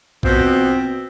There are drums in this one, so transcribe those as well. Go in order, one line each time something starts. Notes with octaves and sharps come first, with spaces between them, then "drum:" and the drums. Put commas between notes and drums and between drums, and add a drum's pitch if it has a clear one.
B2 F3 C4, drum: kick A#1